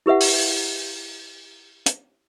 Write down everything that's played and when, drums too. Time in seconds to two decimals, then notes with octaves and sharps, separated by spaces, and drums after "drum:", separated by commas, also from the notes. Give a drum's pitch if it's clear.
0.06 E4 G4 B4 E5 F#5
0.21 drum: open hi-hat
1.86 drum: hi-hat